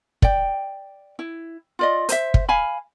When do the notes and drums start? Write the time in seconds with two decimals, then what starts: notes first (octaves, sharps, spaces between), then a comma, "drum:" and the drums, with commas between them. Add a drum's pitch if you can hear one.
0.22 D5 G5, drum: kick
1.19 E4
1.79 F4 D5 D#5
2.09 C5 E5, drum: hi-hat
2.34 drum: kick
2.49 F5 G#5 B5